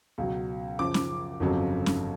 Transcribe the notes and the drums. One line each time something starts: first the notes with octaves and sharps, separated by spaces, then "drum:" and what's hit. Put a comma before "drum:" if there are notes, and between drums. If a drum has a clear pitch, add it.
C#2 B2 F#3
F#2 C#3 F3 D6
drum: snare C#4
G1 F2 C#3 F#3
drum: snare C#4